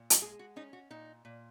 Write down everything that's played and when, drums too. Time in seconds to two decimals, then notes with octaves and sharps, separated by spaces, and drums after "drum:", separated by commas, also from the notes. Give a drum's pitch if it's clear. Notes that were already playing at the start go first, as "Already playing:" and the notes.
Already playing: A#2
0.10 drum: hi-hat
0.21 G#3 G#4
0.39 F#4
0.56 C#4 D#4
0.73 F#4
0.90 A#2 D#4
1.25 A#2